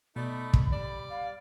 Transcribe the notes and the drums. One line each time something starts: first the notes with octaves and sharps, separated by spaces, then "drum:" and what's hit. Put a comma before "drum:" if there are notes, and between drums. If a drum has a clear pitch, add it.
B2 A3 D#4 D5 B5
drum: kick
G3 D5
F5